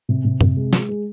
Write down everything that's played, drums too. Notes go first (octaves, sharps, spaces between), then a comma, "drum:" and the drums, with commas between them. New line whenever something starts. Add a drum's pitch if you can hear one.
C3
C3
C3, drum: tom F#2
G#3
G#3, drum: snare
G#3